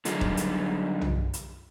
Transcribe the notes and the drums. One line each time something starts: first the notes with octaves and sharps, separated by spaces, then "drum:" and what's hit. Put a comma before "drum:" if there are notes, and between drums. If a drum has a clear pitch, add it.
D3 F#3 G3 D#4 F4 G#4, drum: hi-hat
drum: kick D#1
drum: hi-hat
drum: tom
drum: hi-hat